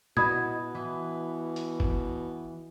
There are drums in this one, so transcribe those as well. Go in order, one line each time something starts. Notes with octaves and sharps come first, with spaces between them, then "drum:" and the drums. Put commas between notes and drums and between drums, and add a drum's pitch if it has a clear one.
B2 E4 F#4 D#5 B5 D#6 G#6, drum: tom A#2
E3
drum: hi-hat
drum: kick F#1